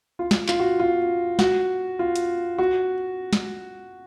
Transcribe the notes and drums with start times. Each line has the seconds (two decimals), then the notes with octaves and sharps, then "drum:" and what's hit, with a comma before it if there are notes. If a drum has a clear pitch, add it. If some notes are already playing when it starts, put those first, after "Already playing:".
0.19 F4
0.31 drum: snare
0.48 F4, drum: clap
0.60 F#4
0.80 F4
1.39 F#4, drum: snare
1.99 F4
2.16 drum: hi-hat
2.58 F#4
3.33 drum: snare